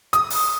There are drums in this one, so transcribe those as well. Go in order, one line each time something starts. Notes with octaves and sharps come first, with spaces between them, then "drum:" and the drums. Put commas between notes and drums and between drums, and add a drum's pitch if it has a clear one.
D#6, drum: hi-hat
drum: open hi-hat